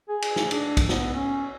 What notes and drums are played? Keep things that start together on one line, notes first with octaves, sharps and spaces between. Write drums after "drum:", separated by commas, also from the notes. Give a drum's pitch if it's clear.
G#4
drum: cymbal
drum: snare
D4, drum: cymbal
drum: kick, cymbal
B3, drum: snare
C#4